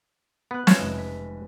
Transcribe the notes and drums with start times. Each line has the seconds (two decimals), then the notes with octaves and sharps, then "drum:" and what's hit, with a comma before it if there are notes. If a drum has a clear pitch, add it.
0.51 B3 B4 F#6
0.67 C#4 F4 C#5 E7, drum: snare
0.78 F1 G#3
0.98 B6